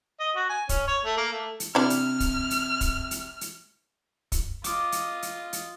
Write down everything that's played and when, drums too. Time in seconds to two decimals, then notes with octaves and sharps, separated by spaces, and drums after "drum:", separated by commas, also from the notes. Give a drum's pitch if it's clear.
0.20 D#5
0.36 F#4
0.50 G#5
0.69 C#4, drum: kick, hi-hat
0.88 C#5
1.05 A3
1.17 A#3
1.33 A3
1.60 drum: hi-hat
1.75 C3 D4 E4 F6
1.90 drum: hi-hat
2.20 drum: kick, hi-hat
2.50 drum: hi-hat
2.81 drum: kick, hi-hat
3.11 drum: hi-hat
3.41 drum: hi-hat
4.32 drum: kick, hi-hat
4.64 F4 D#5 D6, drum: hi-hat
4.92 drum: hi-hat
5.22 drum: hi-hat
5.53 drum: hi-hat